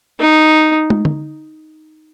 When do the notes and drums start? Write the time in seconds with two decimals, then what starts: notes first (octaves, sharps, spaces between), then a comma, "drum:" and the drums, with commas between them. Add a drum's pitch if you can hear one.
0.20 D#4
0.90 drum: tom
1.05 drum: tom